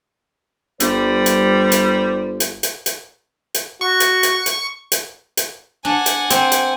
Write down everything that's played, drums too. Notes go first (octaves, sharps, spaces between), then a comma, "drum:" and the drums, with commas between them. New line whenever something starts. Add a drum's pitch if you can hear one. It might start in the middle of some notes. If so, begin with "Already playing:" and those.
G1 G3 C5, drum: hi-hat
drum: hi-hat
drum: hi-hat
drum: hi-hat
drum: hi-hat
drum: hi-hat
drum: hi-hat
F#4 C#6
drum: hi-hat
drum: hi-hat
drum: hi-hat
drum: hi-hat
drum: hi-hat
D4 F#5 G#5
drum: hi-hat
C4, drum: hi-hat
drum: hi-hat